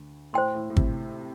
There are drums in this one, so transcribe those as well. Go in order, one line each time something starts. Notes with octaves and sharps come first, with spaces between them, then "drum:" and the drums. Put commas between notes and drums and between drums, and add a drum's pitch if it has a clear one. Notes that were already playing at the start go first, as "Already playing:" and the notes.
Already playing: D2 D3
A2 C5 G5 C6
A2
A2
C3, drum: kick